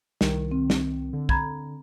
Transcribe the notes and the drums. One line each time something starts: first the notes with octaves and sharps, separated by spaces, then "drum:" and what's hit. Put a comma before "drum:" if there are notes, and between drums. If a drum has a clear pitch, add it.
C2 D#3, drum: snare
C4
drum: snare
D3
A#5 B5 G#6, drum: kick